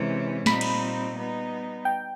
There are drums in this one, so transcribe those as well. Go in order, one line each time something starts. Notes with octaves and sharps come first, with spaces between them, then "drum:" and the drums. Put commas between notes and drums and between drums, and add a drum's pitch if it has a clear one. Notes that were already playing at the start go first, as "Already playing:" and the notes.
Already playing: C3 E3 G#3 C#4
A#2 G3 C4 D#4 B5, drum: snare
drum: cymbal
G3 B3 D#4
G5